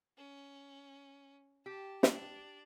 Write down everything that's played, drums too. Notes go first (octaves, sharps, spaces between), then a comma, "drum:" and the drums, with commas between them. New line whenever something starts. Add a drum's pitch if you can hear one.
C#4
G4 A5
D4 D5, drum: snare